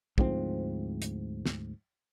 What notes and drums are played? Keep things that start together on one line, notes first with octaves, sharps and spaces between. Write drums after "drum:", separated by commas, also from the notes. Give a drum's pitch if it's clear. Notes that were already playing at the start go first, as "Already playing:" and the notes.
D2 G#2 F3 C4, drum: kick
drum: hi-hat
drum: snare